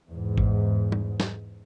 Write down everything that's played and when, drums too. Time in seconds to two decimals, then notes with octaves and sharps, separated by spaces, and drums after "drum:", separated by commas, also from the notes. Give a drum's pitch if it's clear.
0.10 E2 G#2
0.38 drum: kick G#1
0.92 drum: tom
1.20 drum: snare